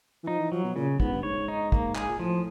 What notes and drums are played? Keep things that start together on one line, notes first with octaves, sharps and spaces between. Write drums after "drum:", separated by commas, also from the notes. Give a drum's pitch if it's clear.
E3
F3 D#4
E3
F3 F#3
B2
A#2 C#3
G#2 B3, drum: kick
G2
G#2 C#5
D#4
A#3, drum: kick
G#4, drum: clap
A#2
A2 F3